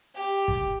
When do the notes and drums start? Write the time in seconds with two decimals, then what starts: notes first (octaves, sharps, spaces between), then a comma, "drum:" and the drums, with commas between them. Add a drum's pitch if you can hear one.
0.15 G4
0.48 drum: kick